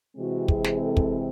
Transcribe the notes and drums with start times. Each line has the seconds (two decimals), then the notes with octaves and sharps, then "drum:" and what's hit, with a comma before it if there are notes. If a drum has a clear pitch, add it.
0.16 C3 E3 G#3 C4 F#4
0.48 G#4, drum: kick
0.64 drum: snare
0.80 A4
0.97 drum: kick